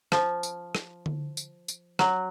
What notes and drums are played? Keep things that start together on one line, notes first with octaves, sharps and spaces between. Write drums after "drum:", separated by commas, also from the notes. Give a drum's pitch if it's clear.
F3, drum: rim click
drum: tambourine
drum: rim click
drum: tom D3
drum: tambourine
drum: tambourine
F#3, drum: rim click